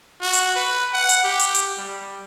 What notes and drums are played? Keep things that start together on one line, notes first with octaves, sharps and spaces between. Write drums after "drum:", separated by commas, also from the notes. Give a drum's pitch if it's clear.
F#4
drum: hi-hat
B4
F#5
drum: hi-hat
G4
drum: hi-hat
drum: hi-hat
G3